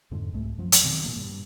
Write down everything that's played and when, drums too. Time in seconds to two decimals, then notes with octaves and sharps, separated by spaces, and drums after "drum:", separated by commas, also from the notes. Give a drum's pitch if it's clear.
0.11 F2 G#2 D3
0.34 C2 G#2 A3
0.58 F#2 F3 F#3
0.72 drum: hi-hat
0.83 B2 D#3 C4
1.04 A#2 C#3 A#3
1.16 G2